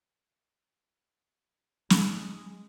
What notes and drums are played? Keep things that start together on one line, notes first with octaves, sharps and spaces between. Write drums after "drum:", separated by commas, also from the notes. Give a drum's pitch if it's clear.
G#3, drum: snare